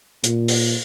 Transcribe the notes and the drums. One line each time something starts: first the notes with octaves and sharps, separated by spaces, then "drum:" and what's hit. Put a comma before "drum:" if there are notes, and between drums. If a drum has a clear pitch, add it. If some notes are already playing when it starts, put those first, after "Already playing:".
A#2, drum: hi-hat
drum: open hi-hat